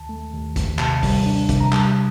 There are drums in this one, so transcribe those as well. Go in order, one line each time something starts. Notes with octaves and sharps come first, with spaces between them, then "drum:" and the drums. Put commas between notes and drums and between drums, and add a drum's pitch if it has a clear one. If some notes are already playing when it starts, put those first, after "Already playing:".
Already playing: D#2 A5
A3
D#2
D#2, drum: kick, hi-hat
C3 A5, drum: clap
G3, drum: kick, open hi-hat
D4
C3, drum: kick, hi-hat
A#5
G3 A5, drum: clap